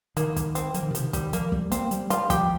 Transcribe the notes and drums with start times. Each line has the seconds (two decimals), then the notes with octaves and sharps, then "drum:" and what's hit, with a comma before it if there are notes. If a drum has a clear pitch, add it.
0.17 D#3 A#3, drum: hi-hat
0.36 A#3, drum: kick, hi-hat
0.55 C4, drum: hi-hat
0.74 F3 A#3, drum: hi-hat
0.83 D#3
0.91 C3
0.95 F3, drum: hi-hat
1.00 D#3
1.13 G3, drum: kick, hi-hat
1.33 F3 A#3, drum: hi-hat
1.52 G3, drum: kick
1.72 A#3 C4, drum: hi-hat
1.91 G3, drum: hi-hat
2.10 G3 F4, drum: hi-hat
2.30 F3 G4, drum: kick, hi-hat